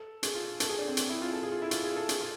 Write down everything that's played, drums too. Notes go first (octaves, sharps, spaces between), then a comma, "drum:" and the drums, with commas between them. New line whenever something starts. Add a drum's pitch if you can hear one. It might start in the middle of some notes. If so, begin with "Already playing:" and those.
Already playing: A4
G#4, drum: hi-hat
F4
A4, drum: hi-hat
G#4
D4
C4
drum: hi-hat
E4
F4
A4
G#4
F4
E4
F4, drum: hi-hat
G#4
A4
G#4, drum: hi-hat
F4